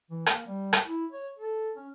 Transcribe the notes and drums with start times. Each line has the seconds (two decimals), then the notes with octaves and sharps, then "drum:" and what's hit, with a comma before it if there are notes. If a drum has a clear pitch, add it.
0.11 E3
0.26 A#3, drum: rim click
0.46 G3
0.73 drum: rim click
0.86 E4
1.12 C#5
1.39 A4
1.76 C#4